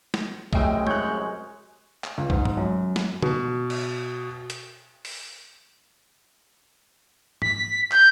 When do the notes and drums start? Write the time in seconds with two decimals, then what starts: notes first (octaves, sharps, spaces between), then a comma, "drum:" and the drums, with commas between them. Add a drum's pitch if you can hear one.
0.14 drum: snare
0.53 F#2 C3 G#3 A3 D#5 E5 G5 E6, drum: kick B1
0.87 C#5 F#6 G6, drum: tom
2.04 drum: clap
2.18 C#2
2.30 G#2, drum: kick B1
2.45 drum: tom G2
2.57 F#2
2.96 drum: snare
3.22 B2, drum: tom
3.70 drum: cymbal
4.50 drum: hi-hat
5.05 drum: open hi-hat
7.42 B6, drum: tom
7.92 G6, drum: clap